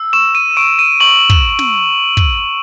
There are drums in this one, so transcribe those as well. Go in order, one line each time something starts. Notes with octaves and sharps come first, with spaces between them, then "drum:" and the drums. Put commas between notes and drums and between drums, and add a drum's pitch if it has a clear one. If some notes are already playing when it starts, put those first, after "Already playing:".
Already playing: E6
C#6 E7
D#7
C#6 D7
D#7
C#6 F#7
drum: kick
drum: snare
drum: kick